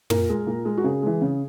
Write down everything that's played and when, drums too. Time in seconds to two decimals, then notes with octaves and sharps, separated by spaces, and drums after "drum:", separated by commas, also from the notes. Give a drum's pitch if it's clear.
0.10 A#2 A#4, drum: tom
0.29 G#3
0.47 A#2
0.65 G#3
0.77 F#4
0.84 C#3 G#4
1.02 E3 G#3
1.21 C#3